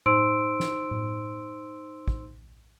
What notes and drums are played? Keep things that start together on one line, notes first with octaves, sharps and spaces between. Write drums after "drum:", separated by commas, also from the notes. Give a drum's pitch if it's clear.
D#4 C5 C6 E6 D7, drum: tom A2
drum: snare
drum: tom A2
drum: kick